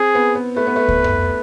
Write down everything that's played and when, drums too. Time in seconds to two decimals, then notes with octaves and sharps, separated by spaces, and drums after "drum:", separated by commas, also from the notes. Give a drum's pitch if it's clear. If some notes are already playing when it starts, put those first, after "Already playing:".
Already playing: C4 G#4
0.15 B3
0.35 B3
0.57 A3 B4
0.67 B3
0.76 A3
0.88 drum: kick C#2
1.04 drum: tom F2